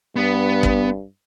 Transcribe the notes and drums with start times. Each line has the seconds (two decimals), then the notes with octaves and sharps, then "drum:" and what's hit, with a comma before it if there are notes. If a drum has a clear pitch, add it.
0.16 G2 B3
0.63 drum: kick